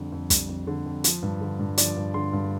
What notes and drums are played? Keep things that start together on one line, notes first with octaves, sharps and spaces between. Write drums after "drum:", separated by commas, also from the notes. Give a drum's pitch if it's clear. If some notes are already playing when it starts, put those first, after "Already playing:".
Already playing: F2 D3 G3
F2
G3, drum: kick, hi-hat
F2
D3
F2
F3, drum: hi-hat
G2
D3
G2
F3 D5, drum: hi-hat
G2
D3 C6
G2